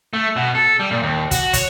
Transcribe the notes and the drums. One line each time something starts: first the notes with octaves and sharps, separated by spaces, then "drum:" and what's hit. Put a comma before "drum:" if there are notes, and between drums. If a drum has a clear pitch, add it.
A3
B2
A4
G3
A#2
D#2
F#4, drum: kick, hi-hat
C#5, drum: kick, hi-hat